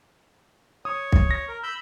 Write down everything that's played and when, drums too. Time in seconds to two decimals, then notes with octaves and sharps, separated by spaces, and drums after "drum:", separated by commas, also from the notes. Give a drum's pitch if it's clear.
0.85 C#5 D#6
1.12 drum: kick
1.31 A#6
1.48 A#4
1.63 B5 E6 G6